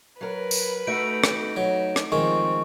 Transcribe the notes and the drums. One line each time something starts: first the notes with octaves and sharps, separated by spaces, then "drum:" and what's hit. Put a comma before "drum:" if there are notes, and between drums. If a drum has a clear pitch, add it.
F#3 A#4 B4
drum: tambourine
A3 D#4 F#4 D7
drum: rim click
F#3
drum: rim click
D#3 F3 G#3 C4 C#6